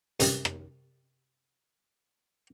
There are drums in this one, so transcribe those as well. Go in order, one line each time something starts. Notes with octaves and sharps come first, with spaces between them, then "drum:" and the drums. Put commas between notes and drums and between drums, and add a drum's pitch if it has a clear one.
F#2 C3 G3, drum: hi-hat
drum: rim click